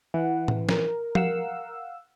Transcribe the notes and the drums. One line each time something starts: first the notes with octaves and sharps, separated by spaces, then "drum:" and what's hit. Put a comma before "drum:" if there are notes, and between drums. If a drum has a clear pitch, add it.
E3 F#5
drum: tom A2
A#4, drum: snare
F5 F#5 E6, drum: tom F3